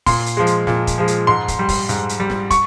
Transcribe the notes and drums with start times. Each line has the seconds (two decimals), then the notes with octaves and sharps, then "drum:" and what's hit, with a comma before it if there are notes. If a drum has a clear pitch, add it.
0.06 A#2 C6, drum: kick, open hi-hat
0.26 drum: hi-hat
0.37 F3 G#3
0.47 drum: hi-hat
0.67 A#2, drum: snare
0.87 drum: kick, hi-hat
0.98 F3 G#3
1.08 drum: hi-hat
1.27 G#2 C6
1.48 drum: kick, hi-hat
1.59 G3
1.69 drum: kick, open hi-hat
1.89 G#2, drum: hi-hat
2.09 drum: hi-hat
2.20 G3
2.30 drum: snare
2.51 C#6, drum: kick, hi-hat